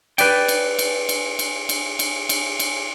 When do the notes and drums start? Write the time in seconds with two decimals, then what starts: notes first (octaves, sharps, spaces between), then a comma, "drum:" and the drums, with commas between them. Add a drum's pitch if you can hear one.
0.18 B4 D5 G5, drum: cymbal
0.48 drum: cymbal
0.79 drum: cymbal
1.09 drum: cymbal
1.39 drum: cymbal
1.69 drum: cymbal
1.99 drum: cymbal
2.29 drum: cymbal
2.59 drum: cymbal